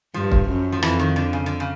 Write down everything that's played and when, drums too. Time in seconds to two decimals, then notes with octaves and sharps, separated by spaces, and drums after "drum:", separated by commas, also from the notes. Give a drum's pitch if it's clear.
0.14 G2 F3
0.32 drum: kick
0.48 F#2
0.72 F3
0.82 F2 E3, drum: rim click
0.99 D#3
1.16 D3
1.33 C#3
1.46 D3
1.60 C#3